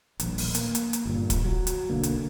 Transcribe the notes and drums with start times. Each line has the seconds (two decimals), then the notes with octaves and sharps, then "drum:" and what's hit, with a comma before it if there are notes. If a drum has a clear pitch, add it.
0.20 D#1 A#1, drum: hi-hat
0.38 drum: open hi-hat
0.55 A#3, drum: hi-hat
0.75 drum: hi-hat
0.93 drum: hi-hat
1.05 G1 A#2
1.30 drum: kick, hi-hat
1.45 F#3
1.67 drum: hi-hat
1.89 B1 D3 A#3
2.03 drum: hi-hat